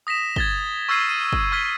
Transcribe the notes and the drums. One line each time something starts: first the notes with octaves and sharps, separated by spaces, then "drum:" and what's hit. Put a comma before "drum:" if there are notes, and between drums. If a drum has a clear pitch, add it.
D#6 A#6 B6 E7
G#6 A6 G7, drum: kick
C#6 E6 F6 G#6 C7 D#7
D#7
drum: kick
C#6 F6 G#6 B6 G7